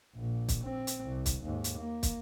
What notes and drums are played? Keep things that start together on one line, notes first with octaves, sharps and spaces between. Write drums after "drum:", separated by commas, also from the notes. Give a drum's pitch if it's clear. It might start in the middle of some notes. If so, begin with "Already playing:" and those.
A#1 A#2
drum: kick, hi-hat
C4
drum: hi-hat
C2
drum: kick, hi-hat
D#2 G#2
drum: hi-hat
A#3
drum: kick, hi-hat